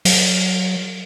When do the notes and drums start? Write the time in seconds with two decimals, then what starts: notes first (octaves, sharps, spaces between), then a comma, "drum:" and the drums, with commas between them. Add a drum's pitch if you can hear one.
0.05 F#3, drum: open hi-hat